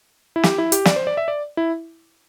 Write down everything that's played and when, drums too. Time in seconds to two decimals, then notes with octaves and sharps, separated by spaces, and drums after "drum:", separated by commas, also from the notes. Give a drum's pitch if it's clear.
0.36 E4
0.43 G4, drum: snare
0.58 E4
0.72 G4, drum: hi-hat
0.85 D5, drum: snare
0.96 C5
1.07 D5
1.17 E5
1.28 D5
1.57 E4